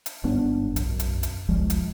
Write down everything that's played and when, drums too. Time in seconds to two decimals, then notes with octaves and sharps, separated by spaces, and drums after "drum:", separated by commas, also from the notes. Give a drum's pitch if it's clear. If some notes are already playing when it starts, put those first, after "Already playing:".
0.06 drum: hi-hat
0.24 G1 G#2 B3 D4
0.76 B1 F#2, drum: hi-hat
1.00 drum: hi-hat
1.23 drum: hi-hat
1.48 E1 B1 F3 G#3
1.70 drum: hi-hat